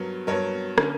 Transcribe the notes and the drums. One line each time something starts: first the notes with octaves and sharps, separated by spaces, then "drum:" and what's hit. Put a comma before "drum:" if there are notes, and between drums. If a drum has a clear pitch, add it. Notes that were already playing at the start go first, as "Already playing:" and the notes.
Already playing: G2 F#3 B3 A#4 C#5
G2 F#3 B3 A#4 C#5
D3 A#3 C#4, drum: rim click